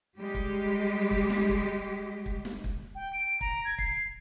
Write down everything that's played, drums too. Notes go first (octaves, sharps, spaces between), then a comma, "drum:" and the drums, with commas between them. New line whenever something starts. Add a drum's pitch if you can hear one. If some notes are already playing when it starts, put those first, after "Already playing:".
G3 G#3 G4
drum: kick
drum: kick
drum: snare
drum: kick
drum: kick
drum: snare
drum: kick
G5
D7
A#5, drum: kick
G#6
C7, drum: kick